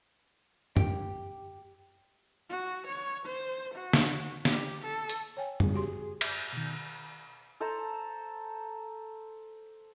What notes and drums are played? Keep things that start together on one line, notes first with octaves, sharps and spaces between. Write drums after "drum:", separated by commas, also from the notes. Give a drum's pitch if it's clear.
G4, drum: tom F#2
F#4
C#5
C5
F#4
drum: snare
G4, drum: snare
A4
drum: hi-hat
C#5 G5 G#5
G#4, drum: tom F#2
F#4 G4 C6
E5 G6, drum: cymbal
B2 D#3
A4 C5 A5 A#5